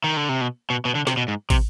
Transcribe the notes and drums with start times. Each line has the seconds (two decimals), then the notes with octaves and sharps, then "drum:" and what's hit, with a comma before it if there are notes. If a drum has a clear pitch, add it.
0.04 D#3
0.17 D3
0.29 C3
0.41 B2
0.70 B2
0.85 B2
0.95 D3
1.07 C3, drum: snare
1.17 B2
1.28 G#2
1.50 C3, drum: kick, cymbal